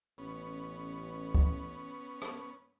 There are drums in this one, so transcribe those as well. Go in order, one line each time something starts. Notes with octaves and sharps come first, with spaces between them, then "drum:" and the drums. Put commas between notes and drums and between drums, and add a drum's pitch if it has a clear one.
A1 B3 C#4
drum: kick
drum: rim click